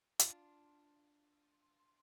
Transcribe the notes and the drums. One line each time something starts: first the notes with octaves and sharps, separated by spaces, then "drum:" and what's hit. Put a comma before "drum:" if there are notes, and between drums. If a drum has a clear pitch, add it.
D4 F4, drum: hi-hat